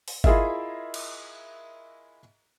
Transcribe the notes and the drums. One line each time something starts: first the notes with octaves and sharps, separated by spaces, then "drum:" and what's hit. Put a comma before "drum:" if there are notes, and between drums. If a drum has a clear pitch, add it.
drum: open hi-hat
E4 F4 G#4 A#4 D#5 E5, drum: kick G1
drum: cymbal